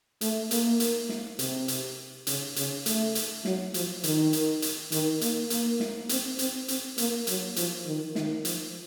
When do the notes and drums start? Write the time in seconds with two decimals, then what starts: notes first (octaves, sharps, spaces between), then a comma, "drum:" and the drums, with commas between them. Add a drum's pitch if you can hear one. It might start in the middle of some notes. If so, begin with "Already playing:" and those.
0.21 A3, drum: hi-hat
0.51 A#3, drum: hi-hat
0.80 drum: hi-hat
1.09 drum: snare
1.39 C3, drum: hi-hat
1.68 drum: hi-hat
2.27 C#3, drum: hi-hat
2.56 C#3, drum: hi-hat
2.86 A3, drum: hi-hat
3.15 drum: hi-hat
3.45 F#3, drum: snare
3.74 F3, drum: hi-hat
4.04 D#3, drum: hi-hat
4.33 drum: hi-hat
4.62 drum: hi-hat
4.92 D#3, drum: hi-hat
5.21 A#3, drum: hi-hat
5.50 A#3, drum: hi-hat
5.80 drum: snare
6.09 C4, drum: hi-hat
6.39 C4, drum: hi-hat
6.68 C4, drum: hi-hat
6.98 A#3, drum: hi-hat
7.27 F#3, drum: hi-hat
7.56 F3, drum: hi-hat
7.86 D#3
8.15 D#3, drum: snare
8.45 F3, drum: hi-hat